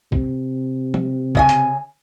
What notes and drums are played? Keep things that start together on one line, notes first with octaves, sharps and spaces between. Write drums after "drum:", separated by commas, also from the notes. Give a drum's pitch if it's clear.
C3, drum: kick
drum: tom
C#3 D#5 G#5, drum: kick
drum: hi-hat